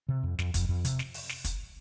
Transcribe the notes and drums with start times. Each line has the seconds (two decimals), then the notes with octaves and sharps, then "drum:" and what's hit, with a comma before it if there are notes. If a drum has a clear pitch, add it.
0.09 C3
0.23 F2
0.39 F2, drum: snare
0.54 F2, drum: kick, hi-hat
0.69 F2
0.85 C3, drum: hi-hat
0.99 drum: snare
1.14 drum: open hi-hat
1.29 drum: snare
1.44 drum: kick, hi-hat